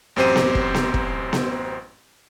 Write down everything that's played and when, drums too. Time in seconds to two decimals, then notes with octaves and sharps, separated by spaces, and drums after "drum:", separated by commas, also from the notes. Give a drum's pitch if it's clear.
0.16 A1 F#2 C4 G4 C5 D#7
0.36 drum: snare B3
0.55 drum: kick
0.74 drum: snare B3
0.94 drum: kick
1.33 drum: snare B3